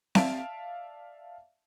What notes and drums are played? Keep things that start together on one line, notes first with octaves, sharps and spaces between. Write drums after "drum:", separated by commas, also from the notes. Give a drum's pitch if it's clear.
D5 E5 F5 A5 D7, drum: snare C4